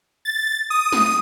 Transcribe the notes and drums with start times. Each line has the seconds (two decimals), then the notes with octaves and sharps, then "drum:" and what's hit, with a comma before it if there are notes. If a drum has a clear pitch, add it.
0.25 A6
0.70 D#6
0.92 drum: snare